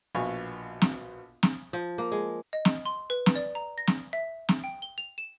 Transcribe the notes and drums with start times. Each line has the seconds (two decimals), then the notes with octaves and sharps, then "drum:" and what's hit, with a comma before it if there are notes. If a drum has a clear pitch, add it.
0.15 A#1 B2 B3 F5 G#5 C#6
0.81 drum: snare
1.43 drum: snare
1.73 F3
1.98 A#3
2.12 G#3
2.53 D#5
2.65 drum: snare
2.85 C6
3.10 B4
3.26 drum: snare
3.35 D5
3.55 A#5
3.78 A#6
3.87 drum: snare
4.13 E5
4.49 drum: snare
4.64 G5
4.82 G7
4.98 F7
5.18 E7